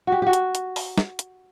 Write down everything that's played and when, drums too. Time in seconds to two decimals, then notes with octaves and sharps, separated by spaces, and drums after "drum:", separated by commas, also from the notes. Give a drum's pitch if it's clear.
0.07 F#4 G4
0.22 F#4 G4
0.33 drum: hi-hat
0.55 drum: hi-hat
0.76 drum: open hi-hat
0.98 drum: snare
1.19 drum: hi-hat